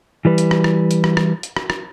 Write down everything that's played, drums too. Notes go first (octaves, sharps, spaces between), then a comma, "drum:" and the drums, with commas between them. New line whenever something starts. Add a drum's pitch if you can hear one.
E3 G3 B4
drum: hi-hat
drum: rim click
drum: rim click
drum: hi-hat
drum: rim click
drum: rim click
drum: hi-hat
drum: rim click
drum: rim click